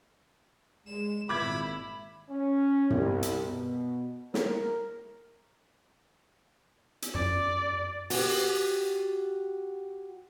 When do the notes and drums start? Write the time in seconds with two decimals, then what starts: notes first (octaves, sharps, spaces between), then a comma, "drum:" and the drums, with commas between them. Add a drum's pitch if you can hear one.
0.86 G#3 E7
1.29 G#1 A#2 E4 B5 D6 G#6
2.30 C#4
2.90 C2, drum: tom
3.23 drum: hi-hat
3.43 B2
4.34 A#4, drum: snare
7.02 drum: hi-hat
7.15 F#2 D5
8.10 F#4 G4, drum: open hi-hat